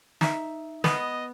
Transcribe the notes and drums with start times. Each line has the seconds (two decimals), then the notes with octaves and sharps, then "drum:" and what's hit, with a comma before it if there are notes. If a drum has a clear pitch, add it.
0.21 D#4 E5, drum: snare
0.84 B3 D#5, drum: snare